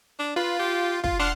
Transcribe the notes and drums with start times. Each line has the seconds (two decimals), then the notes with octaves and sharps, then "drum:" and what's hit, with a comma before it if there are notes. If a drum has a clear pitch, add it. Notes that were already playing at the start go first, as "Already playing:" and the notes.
0.19 D4
0.36 F4 B4
0.59 G4
1.04 F4, drum: kick
1.20 D4 F#5 C6 F6